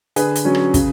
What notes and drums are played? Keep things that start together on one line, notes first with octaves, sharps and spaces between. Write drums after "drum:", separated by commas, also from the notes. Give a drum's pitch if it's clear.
D3 G#4 B4, drum: hi-hat
drum: hi-hat
F#3 C#4
drum: rim click
C#3, drum: kick, hi-hat